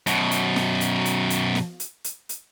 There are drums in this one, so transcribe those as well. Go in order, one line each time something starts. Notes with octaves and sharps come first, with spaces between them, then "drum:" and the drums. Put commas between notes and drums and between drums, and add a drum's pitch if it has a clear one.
F#2 B2, drum: hi-hat
drum: hi-hat
drum: snare
drum: hi-hat
drum: hi-hat
drum: hi-hat
drum: snare
drum: hi-hat
drum: hi-hat
drum: hi-hat